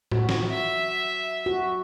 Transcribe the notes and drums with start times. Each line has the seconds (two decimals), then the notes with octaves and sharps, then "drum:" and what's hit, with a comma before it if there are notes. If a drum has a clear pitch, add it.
0.12 F#4, drum: tom A2
0.29 drum: snare
0.48 E5
1.46 F#4